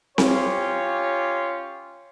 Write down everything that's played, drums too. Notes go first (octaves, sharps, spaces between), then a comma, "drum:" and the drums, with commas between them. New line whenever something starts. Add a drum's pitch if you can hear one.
C#4 F4 G4 C#5, drum: snare C4